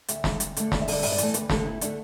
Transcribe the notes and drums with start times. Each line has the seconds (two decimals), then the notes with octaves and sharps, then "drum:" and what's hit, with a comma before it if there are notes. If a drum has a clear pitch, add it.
0.08 D2 E5, drum: hi-hat
0.24 D3 G3, drum: snare
0.40 D2, drum: hi-hat
0.57 D3 A3, drum: hi-hat
0.72 D2 D5, drum: snare
0.81 E5
0.88 D3 G3 D5, drum: open hi-hat
1.02 G2 E5, drum: open hi-hat
1.12 D5
1.18 E3 A3, drum: hi-hat
1.34 D2 B4, drum: hi-hat
1.50 D3 A3 G4, drum: snare
1.65 D2 E4
1.81 D3 A3 D4, drum: hi-hat